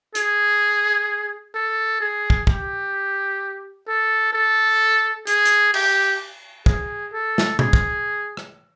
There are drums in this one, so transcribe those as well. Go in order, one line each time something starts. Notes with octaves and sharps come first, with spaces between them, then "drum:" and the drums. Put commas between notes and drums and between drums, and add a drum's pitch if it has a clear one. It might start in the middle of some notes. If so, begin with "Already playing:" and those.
G#4, drum: hi-hat
A4
G#4
drum: kick
G4, drum: kick
A4
A4
G#4, drum: hi-hat
drum: hi-hat
G4, drum: cymbal
G#4, drum: kick
A4
drum: snare
G#4, drum: tom B2
drum: kick
drum: rim click